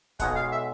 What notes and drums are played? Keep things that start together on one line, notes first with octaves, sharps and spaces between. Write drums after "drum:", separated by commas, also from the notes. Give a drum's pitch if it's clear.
B1 B2 G#3 F#5, drum: kick, hi-hat
F5
E5